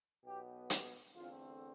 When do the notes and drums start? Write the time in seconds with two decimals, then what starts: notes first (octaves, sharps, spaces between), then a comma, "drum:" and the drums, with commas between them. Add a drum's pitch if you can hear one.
0.24 B1 B2 B3 G4
0.70 G4, drum: hi-hat
1.15 E2 D3 A3 C4 F4